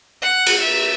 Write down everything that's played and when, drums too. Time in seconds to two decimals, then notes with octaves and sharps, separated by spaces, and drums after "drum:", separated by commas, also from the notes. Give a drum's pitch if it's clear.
0.22 F#5
0.46 drum: cymbal
0.61 E5